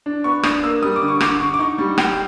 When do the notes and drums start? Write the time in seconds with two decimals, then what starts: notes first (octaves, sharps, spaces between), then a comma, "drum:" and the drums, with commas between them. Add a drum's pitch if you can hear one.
0.06 D4
0.24 B3 C#6
0.43 D4 D#6, drum: rim click
0.63 A#3 E6
0.82 G3 D#6
0.96 D6
1.02 D3
1.08 C#6
1.20 D3 D6, drum: rim click
1.40 D3 C#6
1.54 D6
1.59 D#4 C#6
1.78 G3
1.98 G3 G5, drum: rim click